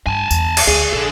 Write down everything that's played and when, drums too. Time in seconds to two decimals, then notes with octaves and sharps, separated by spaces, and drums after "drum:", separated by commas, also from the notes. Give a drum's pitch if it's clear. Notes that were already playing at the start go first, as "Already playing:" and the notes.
0.07 G2 G#5 A5
0.31 E2, drum: tambourine
0.57 drum: cymbal
0.67 D2 G#4
0.93 A#1 D3 A4